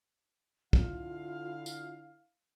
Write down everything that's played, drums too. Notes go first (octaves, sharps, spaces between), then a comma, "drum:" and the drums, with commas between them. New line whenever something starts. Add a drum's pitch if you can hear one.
D3 E4 F4 F5, drum: kick
drum: tambourine